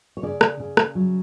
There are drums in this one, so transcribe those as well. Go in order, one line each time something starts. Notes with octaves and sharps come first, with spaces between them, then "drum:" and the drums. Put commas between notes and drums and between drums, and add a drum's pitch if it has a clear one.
C#5
C#3 D5
drum: rim click
C#3
drum: rim click
F#3